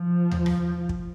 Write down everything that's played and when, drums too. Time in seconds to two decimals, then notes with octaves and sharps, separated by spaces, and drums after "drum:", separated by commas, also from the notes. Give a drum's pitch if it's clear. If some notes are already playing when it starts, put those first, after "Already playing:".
Already playing: F3
0.31 drum: tom D#2
0.46 drum: rim click
0.89 drum: kick